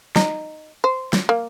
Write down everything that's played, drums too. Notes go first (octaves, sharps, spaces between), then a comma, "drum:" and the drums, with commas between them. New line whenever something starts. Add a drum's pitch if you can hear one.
D#4, drum: snare
C5
drum: snare
A#3